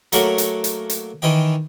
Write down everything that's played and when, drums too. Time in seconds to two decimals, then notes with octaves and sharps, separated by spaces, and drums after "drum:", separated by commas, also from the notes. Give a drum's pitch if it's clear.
0.12 F#3 A3 A#3 A#4 F#5, drum: hi-hat
0.38 drum: hi-hat
0.64 drum: hi-hat
0.90 drum: hi-hat
1.22 D#3 E3 D#5 G5